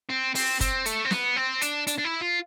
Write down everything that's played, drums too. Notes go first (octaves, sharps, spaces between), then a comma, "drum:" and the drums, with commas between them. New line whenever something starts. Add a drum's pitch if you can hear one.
C4
C4, drum: open hi-hat
C4, drum: kick, hi-hat
A3, drum: hi-hat
C4
B3, drum: snare
C4
D4, drum: hi-hat
D4, drum: hi-hat
D4
E4
F4